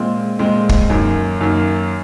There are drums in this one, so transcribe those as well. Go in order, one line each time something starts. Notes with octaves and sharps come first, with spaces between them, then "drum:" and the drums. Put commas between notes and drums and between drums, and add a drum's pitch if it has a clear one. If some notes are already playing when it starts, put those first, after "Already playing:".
Already playing: A#2 G#3 C4
A#2 G#3 C4
drum: kick
F#2 D#3 A#3
F#2 D#3 A#3